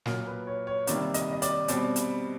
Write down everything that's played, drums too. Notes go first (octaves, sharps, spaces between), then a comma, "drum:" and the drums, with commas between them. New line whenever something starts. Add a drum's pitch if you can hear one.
A#2 F#3 A#3 A#4, drum: snare
B4
C#5
C#5
C3 D#3 G3 A#3 D5, drum: hi-hat
D#5, drum: hi-hat
D#5
D5, drum: hi-hat
B2 G3 C4 D5, drum: hi-hat
drum: hi-hat